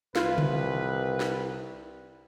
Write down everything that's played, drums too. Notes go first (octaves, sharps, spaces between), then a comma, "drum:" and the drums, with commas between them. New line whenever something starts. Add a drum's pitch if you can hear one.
C2 F4 B4, drum: snare
drum: tom C#3
drum: snare